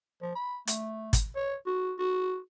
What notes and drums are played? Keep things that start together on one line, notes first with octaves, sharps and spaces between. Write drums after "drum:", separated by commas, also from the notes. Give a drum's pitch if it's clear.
F3
B5
A3, drum: hi-hat
drum: kick, hi-hat
C#5
F#4
F#4